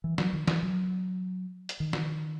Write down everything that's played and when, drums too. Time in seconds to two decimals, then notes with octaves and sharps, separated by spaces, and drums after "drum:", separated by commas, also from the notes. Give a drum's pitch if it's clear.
0.04 E3
0.18 F#3, drum: snare
0.33 D#3
0.48 E3, drum: snare
0.63 F#3
1.69 drum: hi-hat
1.80 D#3
1.93 drum: snare